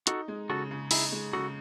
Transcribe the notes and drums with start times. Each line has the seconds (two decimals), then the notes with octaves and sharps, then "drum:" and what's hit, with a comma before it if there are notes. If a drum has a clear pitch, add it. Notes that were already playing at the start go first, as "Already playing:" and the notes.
0.07 D#4 F#4 A4, drum: hi-hat
0.28 G#3
0.49 C#3 F#4 A4
0.71 C#3
0.91 D#4 E4 G#4, drum: open hi-hat
1.12 G#3
1.33 C#3 F#4 A4